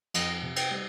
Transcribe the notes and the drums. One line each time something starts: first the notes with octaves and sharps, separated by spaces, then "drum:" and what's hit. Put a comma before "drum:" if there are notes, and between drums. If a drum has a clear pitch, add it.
F2 D#5, drum: cymbal
C3
G5, drum: cymbal
G3